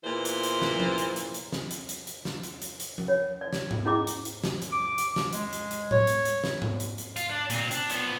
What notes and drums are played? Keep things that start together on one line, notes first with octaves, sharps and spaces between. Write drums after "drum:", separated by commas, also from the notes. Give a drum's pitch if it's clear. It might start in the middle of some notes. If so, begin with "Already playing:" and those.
E2 A#2 E3 C5
drum: hi-hat
drum: hi-hat
drum: snare
drum: tom F3
drum: hi-hat
drum: hi-hat
drum: hi-hat
drum: snare
drum: hi-hat
drum: hi-hat
drum: hi-hat
drum: snare
drum: hi-hat
drum: hi-hat
drum: hi-hat
drum: tom F3
C#5
D5
drum: snare
drum: tom G#2
C#4 E4 G#4 D#5 A#5 D6
drum: hi-hat
drum: hi-hat
drum: snare
drum: hi-hat
D6
drum: hi-hat
drum: snare
G#3, drum: hi-hat
drum: hi-hat
drum: hi-hat
C#5, drum: tom A2
drum: hi-hat
drum: hi-hat
drum: snare
drum: tom G#2
drum: hi-hat
drum: hi-hat
F4, drum: hi-hat
D4
A#2 C4, drum: hi-hat
D4, drum: hi-hat
F3 B3, drum: hi-hat